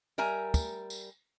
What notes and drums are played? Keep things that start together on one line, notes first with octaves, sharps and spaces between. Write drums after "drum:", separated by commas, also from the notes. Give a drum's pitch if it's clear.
G3 A#4 E5 G#5 A#5
drum: kick, tambourine
drum: tambourine